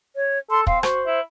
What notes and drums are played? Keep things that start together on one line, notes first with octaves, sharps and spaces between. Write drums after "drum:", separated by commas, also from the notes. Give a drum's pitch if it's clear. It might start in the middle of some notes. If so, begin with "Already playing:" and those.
C#5
A4 C6
C4 F5, drum: kick
F#4 C5, drum: rim click
E4